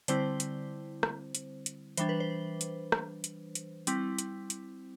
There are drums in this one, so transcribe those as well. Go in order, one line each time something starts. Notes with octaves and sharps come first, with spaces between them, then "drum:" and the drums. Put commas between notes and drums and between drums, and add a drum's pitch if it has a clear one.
D3 G3 C4 E4 C5, drum: hi-hat
drum: hi-hat
drum: rim click
drum: hi-hat
drum: hi-hat
E3 G3 D4 C5, drum: hi-hat
B4
C5
drum: hi-hat
drum: rim click
drum: hi-hat
drum: hi-hat
G3 C4 E4, drum: hi-hat
drum: hi-hat
drum: hi-hat